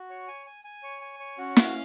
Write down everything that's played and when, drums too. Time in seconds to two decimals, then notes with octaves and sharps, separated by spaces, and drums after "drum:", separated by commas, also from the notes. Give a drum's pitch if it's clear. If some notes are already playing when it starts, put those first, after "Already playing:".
Already playing: F#4
0.10 C#5
0.28 G#5
0.46 G#5
0.64 G#5
0.83 C#5
1.01 G#5
1.19 C#5
1.38 C#4 F#4
1.57 F5, drum: snare